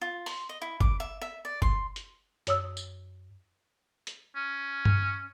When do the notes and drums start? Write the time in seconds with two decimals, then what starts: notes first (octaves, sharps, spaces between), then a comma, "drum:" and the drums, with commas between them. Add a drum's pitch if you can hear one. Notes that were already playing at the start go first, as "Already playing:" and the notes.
0.01 F4
0.26 C6, drum: open hi-hat
0.49 D#5
0.62 E4
0.80 D6, drum: kick G1
1.00 E5
1.21 E5
1.45 D5
1.62 C6, drum: kick G1
1.96 drum: hi-hat
2.47 F#2 C#5 D#6 E6, drum: hi-hat
2.77 drum: tambourine
4.07 drum: hi-hat
4.36 C#4
4.85 drum: tom G2